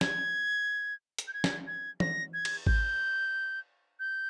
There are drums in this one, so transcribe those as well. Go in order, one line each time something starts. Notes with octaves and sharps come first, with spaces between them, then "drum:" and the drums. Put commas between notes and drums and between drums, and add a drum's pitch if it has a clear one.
G#6, drum: snare
drum: hi-hat
G6
G#6
drum: snare
G#6
A#6, drum: tom E3
G#6
drum: cymbal
G6, drum: kick G#1
G6